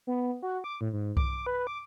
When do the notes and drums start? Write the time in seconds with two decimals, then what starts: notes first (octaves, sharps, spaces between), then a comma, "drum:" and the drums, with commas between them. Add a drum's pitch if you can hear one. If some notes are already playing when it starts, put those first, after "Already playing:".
0.07 B3
0.42 F#4
0.64 D6
0.81 A2
0.93 G#2
1.17 D6, drum: kick C2
1.47 B4
1.67 D6